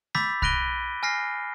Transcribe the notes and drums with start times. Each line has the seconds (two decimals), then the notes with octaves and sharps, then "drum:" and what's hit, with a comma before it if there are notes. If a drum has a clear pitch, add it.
0.15 B5 D6 E6 G6 A6 B6, drum: snare
0.42 B5 F#6 A#6 D7 D#7 G7, drum: kick
1.03 G#5 F6 A#6 C7